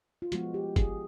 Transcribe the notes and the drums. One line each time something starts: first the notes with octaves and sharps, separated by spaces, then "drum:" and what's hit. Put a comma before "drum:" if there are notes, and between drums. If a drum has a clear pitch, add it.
F4
F3 G#3 B3 F#4, drum: hi-hat
G4
G#4, drum: kick, hi-hat